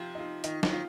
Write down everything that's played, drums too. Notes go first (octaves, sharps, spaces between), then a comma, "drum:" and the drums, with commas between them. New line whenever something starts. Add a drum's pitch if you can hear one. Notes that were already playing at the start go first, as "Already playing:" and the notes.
Already playing: C3 F3 F4 G4
D#4
F4
D#3 D#4, drum: hi-hat
D#3, drum: snare
F4